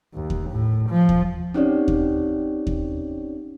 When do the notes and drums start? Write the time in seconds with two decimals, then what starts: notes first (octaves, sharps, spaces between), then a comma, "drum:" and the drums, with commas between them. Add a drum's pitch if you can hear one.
0.14 D#2
0.30 drum: kick D#2
0.50 A2
0.89 F3
1.09 drum: kick D#2
1.54 C4 C#4 D#4 G4 C#5 D5
1.88 drum: kick D#2
2.67 drum: kick D#2